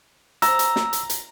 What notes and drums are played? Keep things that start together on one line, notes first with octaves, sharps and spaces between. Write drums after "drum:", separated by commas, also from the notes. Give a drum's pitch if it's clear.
A#5 E6, drum: hi-hat
drum: hi-hat
drum: snare
drum: hi-hat
drum: hi-hat